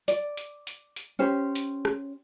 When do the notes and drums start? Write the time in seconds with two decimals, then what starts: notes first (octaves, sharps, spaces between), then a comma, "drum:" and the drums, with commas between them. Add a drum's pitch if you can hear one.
0.08 D5, drum: hi-hat
0.37 drum: hi-hat
0.67 drum: hi-hat
0.96 drum: hi-hat
1.19 C#4 G4 C5
1.55 drum: hi-hat
1.85 drum: rim click